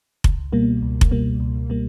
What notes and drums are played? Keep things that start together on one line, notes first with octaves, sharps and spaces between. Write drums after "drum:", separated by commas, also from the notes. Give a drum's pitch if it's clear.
C#2, drum: kick F1
B2 G3 A#3
C#2
drum: kick F1
B2 G3 A#3
C#2
B2 G3 A#3